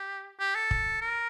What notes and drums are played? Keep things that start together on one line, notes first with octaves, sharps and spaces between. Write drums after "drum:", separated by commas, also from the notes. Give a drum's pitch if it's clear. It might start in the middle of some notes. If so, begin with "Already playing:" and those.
Already playing: G4
G4
A4
drum: kick
A#4